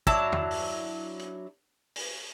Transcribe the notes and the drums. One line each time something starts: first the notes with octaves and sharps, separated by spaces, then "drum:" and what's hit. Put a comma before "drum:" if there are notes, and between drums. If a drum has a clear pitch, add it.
F#3 D4 E4 A5, drum: kick
drum: tom E2
drum: open hi-hat
drum: hi-hat
drum: open hi-hat